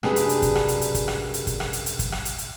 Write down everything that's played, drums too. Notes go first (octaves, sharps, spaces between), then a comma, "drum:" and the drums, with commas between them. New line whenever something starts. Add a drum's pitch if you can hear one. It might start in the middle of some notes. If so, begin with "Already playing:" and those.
F#2 C3 D4 G4 G#4 B4, drum: rim click
drum: hi-hat
drum: hi-hat
drum: kick, hi-hat
drum: rim click
drum: hi-hat
drum: hi-hat
drum: kick, hi-hat
drum: rim click
drum: hi-hat
drum: kick, hi-hat
drum: rim click
drum: hi-hat
drum: hi-hat
drum: kick, hi-hat
drum: rim click
drum: hi-hat
drum: hi-hat